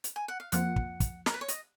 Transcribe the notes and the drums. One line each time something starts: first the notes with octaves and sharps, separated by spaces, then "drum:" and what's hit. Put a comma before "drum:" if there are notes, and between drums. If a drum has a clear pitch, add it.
drum: hi-hat
G#5
F#5
F5
F2 F3 A#3 F4 F#5, drum: hi-hat
drum: kick
drum: kick, hi-hat
A#4, drum: snare
B4
C#5
D#5, drum: hi-hat